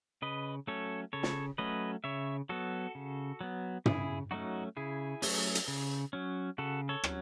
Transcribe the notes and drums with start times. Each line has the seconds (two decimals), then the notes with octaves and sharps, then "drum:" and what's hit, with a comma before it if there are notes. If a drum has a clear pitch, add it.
0.22 C#3 B4 D#5
0.67 F#3 A3 C#4 A4 C#5
1.13 C#3 A4 C#5
1.23 drum: snare
1.58 F#3 A3 C#4 B4 D#5
2.04 C#3 C#5 E5
2.49 F#3 B3 F#4 A4
2.95 C#3
3.41 F#3 B3
3.86 C#3 E4 G#4, drum: tom
4.31 F#3 A3 C#4 D#4 F#4
4.77 C#3 E4 G#4
5.22 F#3 A3 C#4, drum: open hi-hat
5.55 drum: hi-hat
5.68 C#3
6.13 F#3 C#4
6.58 C#3 F#4 A4
6.89 A4 C#5
7.04 F#3 C#4, drum: rim click